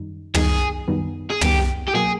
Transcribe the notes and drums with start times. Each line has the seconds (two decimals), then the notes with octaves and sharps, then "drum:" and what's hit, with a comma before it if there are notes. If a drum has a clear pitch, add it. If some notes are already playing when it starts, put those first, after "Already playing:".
Already playing: F#2 D#3 G3 D#4
0.34 F#2 D#3 G3 B3 D#4 G#4, drum: tom
0.88 F#2 D#3 G3 B3 D#4
1.30 G#4
1.41 F#2 D#3 G3 B3 D#4 G4, drum: tom
1.88 G4
1.94 B2 F#3 A#3 G#4